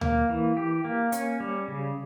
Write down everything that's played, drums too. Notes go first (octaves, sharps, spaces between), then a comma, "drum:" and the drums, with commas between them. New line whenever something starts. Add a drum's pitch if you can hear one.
A#3, drum: tom D2
E3
G4
A#3
C#4, drum: hi-hat
G3
C#3